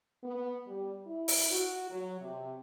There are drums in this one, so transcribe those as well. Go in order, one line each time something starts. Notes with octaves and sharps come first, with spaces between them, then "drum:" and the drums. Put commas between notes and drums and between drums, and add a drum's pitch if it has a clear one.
B3
G3
E4
drum: open hi-hat
F#4
F#3
C3